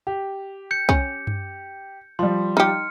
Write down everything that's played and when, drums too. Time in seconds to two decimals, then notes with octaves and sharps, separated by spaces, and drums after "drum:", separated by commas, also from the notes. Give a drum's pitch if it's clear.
0.07 G4
0.71 G6 C#7
0.89 C#4, drum: kick
1.27 drum: tom G2
2.19 F3 G3 C6
2.57 D#4 G4 F6 C#7